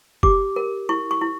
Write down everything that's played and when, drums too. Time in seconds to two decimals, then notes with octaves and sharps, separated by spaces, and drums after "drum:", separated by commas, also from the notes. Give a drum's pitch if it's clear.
0.23 G4 D6, drum: kick
0.56 A#4
0.89 E4 C#6
1.11 C#6
1.21 E4